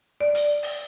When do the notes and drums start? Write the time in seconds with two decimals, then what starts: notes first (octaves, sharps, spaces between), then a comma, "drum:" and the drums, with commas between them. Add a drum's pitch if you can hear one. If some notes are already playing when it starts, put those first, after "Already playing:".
0.21 D5
0.35 drum: hi-hat
0.63 drum: open hi-hat